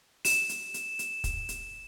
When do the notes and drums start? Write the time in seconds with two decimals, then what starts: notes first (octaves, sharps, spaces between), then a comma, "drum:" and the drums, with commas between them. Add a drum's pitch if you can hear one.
0.25 E7, drum: open hi-hat
0.49 drum: hi-hat
0.74 drum: hi-hat
0.99 drum: hi-hat
1.24 drum: kick, hi-hat
1.49 drum: hi-hat